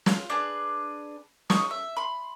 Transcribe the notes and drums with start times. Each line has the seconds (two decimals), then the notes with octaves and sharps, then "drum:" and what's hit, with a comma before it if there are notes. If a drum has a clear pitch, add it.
0.06 F4, drum: snare
0.30 D4 G#4 B4
1.50 D#4 C#6 D#6, drum: snare
1.71 E5
1.97 B5 C6